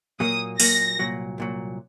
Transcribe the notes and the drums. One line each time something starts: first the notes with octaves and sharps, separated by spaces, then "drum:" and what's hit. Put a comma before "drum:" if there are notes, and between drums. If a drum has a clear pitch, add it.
A#2 F#3 A#3 D#6
A#2 F#3 A#3 A#6, drum: open hi-hat
C2 A#2 F#3
C2 A#2 F#3